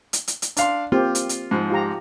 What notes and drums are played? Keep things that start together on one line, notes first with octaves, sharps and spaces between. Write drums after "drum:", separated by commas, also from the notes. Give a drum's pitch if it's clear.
drum: hi-hat
drum: hi-hat
drum: hi-hat
D4 F5 C6, drum: hi-hat
A#3 C4 F4 G4
drum: hi-hat
drum: hi-hat
G#2 F3
F4 G4 A#5